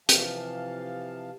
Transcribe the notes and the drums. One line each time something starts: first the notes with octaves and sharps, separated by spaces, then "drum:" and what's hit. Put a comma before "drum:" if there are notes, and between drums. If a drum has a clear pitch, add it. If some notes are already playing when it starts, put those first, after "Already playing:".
C3 E3 F3 F5 A5, drum: hi-hat